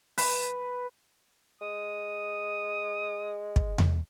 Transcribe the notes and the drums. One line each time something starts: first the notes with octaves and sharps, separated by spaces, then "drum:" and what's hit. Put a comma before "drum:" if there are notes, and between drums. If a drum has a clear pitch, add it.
B4, drum: open hi-hat
G#3 D#6
drum: kick
drum: tom E2